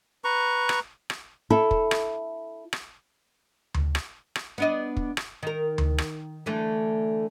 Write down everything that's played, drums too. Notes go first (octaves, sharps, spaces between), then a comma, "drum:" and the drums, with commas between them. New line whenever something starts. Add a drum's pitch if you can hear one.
B4 A#5 C#6
drum: rim click
drum: rim click
E4 A4
drum: kick
drum: rim click
drum: rim click
drum: tom D2
drum: rim click
drum: rim click
B3 D4 D#5
drum: kick
drum: rim click
D#3 A#4
drum: tom D2
drum: rim click
D3 E3 A3